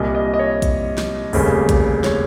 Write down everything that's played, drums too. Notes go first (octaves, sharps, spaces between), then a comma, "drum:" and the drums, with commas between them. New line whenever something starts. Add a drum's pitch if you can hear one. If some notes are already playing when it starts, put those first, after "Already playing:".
Already playing: C2 A#2 G3 D#5
D#5
D#5
C#5
drum: kick A#1, hi-hat
drum: snare
F1 D#2 C#3 G3, drum: open hi-hat
drum: kick A#1, hi-hat
C#5, drum: snare